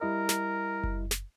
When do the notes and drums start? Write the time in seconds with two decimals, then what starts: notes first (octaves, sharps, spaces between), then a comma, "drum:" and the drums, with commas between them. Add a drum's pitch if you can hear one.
0.01 G3 E4 A#4 D#5
0.29 drum: snare
0.84 drum: kick F#1
1.11 drum: snare